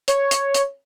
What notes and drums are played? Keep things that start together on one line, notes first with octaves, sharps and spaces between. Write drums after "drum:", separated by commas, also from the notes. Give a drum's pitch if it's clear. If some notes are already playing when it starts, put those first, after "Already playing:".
C#5, drum: hi-hat
drum: hi-hat
drum: hi-hat